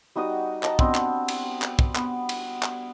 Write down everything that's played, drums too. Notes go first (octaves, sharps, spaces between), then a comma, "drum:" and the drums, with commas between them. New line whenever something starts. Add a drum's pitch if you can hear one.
G3 D#4 F#4 D#6
D#5 A5 A#5, drum: clap
B3 C4 D4, drum: kick
drum: clap
drum: cymbal
drum: clap
drum: kick
B3, drum: clap
drum: cymbal
drum: clap